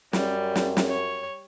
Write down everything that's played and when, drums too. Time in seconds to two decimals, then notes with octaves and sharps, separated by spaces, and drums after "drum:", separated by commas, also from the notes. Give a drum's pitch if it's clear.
0.13 F#2 G3, drum: snare
0.55 drum: snare
0.77 drum: snare
0.88 C#5